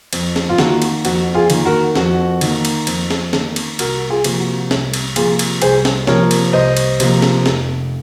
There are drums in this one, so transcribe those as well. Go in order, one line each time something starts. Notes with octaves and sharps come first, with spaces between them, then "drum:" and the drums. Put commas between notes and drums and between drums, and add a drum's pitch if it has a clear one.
F2, drum: cymbal
drum: snare
F4
D#3 A#3 F#4, drum: snare
drum: cymbal
F2 F#4, drum: cymbal
F4 G#4
D#3 A#3, drum: cymbal
F#4 A#4
F2 F#4, drum: snare
D#3 A#3, drum: cymbal
drum: cymbal
F2, drum: cymbal
drum: snare
D#3 A#3, drum: snare
drum: cymbal
C2 F#4 A#4, drum: cymbal
F4 G#4
C3 F3 A#3, drum: cymbal
F#4
C2, drum: snare
drum: cymbal
C3 F3 A#3 F4 G#4, drum: cymbal
drum: cymbal
C2 G#4 C5, drum: cymbal
drum: snare
C3 F3 A#3 A#4 C#5, drum: snare
drum: cymbal
C2 C5 D#5
drum: cymbal
C3 F3 A#3, drum: cymbal
drum: snare
F1, drum: snare